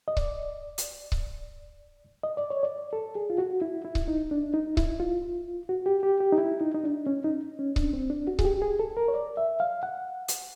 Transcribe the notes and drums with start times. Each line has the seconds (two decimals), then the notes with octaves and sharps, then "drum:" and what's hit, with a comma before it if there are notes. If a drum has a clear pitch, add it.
0.08 D#5
0.17 D5, drum: kick C#1
0.78 drum: hi-hat
1.12 drum: kick C#1
2.23 D#5
2.37 D5
2.50 C#5
2.63 D5
2.93 A4
3.15 G#4
3.30 F4
3.38 F#4
3.62 E4
3.85 E4
3.95 drum: kick C#1
4.08 D#4
4.31 D4
4.54 D#4
4.77 E4, drum: kick C#1
5.00 F4
5.69 F#4
5.86 G4
6.03 G4
6.21 G4
6.32 D#4
6.38 E4
6.61 D#4
6.74 D#4
6.84 D4
7.07 C#4
7.24 D#4
7.59 C#4
7.76 D4, drum: kick C#1
7.93 C4
8.10 D4
8.27 F#4
8.39 G#4, drum: kick C#1
8.45 G4
8.62 G#4
8.79 A4
8.97 A#4
9.08 C#5
9.14 D5
9.37 E5
9.60 F5
9.83 F#5
10.28 drum: hi-hat